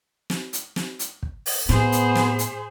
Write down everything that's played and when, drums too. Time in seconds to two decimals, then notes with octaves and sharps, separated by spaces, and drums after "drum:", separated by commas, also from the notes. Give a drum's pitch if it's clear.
0.30 drum: snare
0.53 drum: hi-hat
0.76 drum: snare
0.99 drum: hi-hat
1.23 drum: kick
1.46 drum: open hi-hat
1.69 A2 B3 G#4 C5, drum: snare
1.92 drum: hi-hat
2.15 drum: snare
2.39 drum: hi-hat